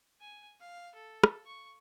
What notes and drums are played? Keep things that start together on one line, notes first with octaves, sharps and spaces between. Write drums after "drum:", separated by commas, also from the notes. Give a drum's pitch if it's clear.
G#5
F5
A4
drum: rim click
C#6